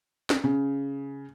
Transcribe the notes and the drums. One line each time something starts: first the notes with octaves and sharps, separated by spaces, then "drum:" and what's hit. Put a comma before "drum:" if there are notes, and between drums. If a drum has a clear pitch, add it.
drum: snare
C#3